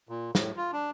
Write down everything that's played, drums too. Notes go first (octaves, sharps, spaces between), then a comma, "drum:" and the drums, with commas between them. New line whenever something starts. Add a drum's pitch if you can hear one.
A#2
A2, drum: snare
F4
D4